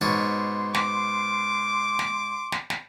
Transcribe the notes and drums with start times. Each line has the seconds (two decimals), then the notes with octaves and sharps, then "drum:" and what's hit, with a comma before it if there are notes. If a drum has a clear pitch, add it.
0.01 G#2 B2 C#5 A5 C6
0.74 D6, drum: snare
1.99 drum: snare
2.52 drum: snare
2.70 drum: snare